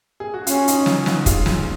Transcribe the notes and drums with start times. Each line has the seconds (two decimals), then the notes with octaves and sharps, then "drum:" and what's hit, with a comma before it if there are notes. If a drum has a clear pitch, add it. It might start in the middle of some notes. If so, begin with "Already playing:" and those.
0.20 G#4
0.34 F#4
0.47 C#4 F4, drum: hi-hat
0.68 D#4, drum: hi-hat
0.80 D#4
0.86 F4, drum: snare
1.06 D#4 F#4, drum: snare
1.26 F4 G#4, drum: kick, hi-hat
1.46 drum: snare